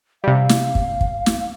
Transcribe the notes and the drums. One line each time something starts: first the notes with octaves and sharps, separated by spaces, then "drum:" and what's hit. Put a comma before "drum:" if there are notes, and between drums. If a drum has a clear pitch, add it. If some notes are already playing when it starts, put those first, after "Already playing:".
C3 G3 F5
drum: snare
drum: kick
drum: kick
drum: snare